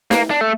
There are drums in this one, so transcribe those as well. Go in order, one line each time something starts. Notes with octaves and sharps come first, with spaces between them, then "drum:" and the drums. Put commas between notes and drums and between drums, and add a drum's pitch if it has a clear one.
A#3, drum: snare
D4
A3